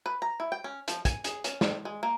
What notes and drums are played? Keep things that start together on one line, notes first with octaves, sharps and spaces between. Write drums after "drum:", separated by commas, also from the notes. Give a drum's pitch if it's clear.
B4
A#5
E4
G5
C#4
F3, drum: hi-hat
G#5, drum: kick, hi-hat
G#4, drum: hi-hat
C#4, drum: hi-hat
C4, drum: snare
G#3
A#3